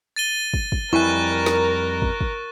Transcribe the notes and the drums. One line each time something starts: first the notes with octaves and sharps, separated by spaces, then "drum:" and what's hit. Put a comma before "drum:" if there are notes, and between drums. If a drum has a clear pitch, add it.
A6 D#7 G7
drum: kick
drum: kick
F2 G3 E4 A#4 G#5 C#6 F#6
drum: snare
drum: kick
drum: kick